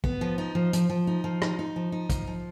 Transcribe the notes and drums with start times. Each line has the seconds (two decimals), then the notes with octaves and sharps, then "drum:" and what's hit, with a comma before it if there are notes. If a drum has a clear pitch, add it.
0.04 B3, drum: kick
0.21 F3
0.38 D#4
0.55 F3
0.73 F3, drum: hi-hat
0.89 F3
1.07 D#4
1.24 F3
1.42 D#4, drum: rim click
1.59 D#4
1.76 F3
1.92 D#4
2.10 F3, drum: kick, hi-hat
2.27 F3